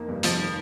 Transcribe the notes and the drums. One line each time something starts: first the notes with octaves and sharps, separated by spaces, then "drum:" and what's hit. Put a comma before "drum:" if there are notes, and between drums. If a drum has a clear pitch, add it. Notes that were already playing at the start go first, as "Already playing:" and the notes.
Already playing: F2 A#3 D#4
G2
F1 F3, drum: hi-hat
D#3